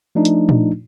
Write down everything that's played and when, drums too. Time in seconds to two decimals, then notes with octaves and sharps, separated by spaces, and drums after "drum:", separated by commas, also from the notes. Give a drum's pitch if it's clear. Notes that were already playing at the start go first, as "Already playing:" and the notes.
0.15 F3 A3 D4 D#4
0.25 drum: hi-hat
0.49 drum: tom A#2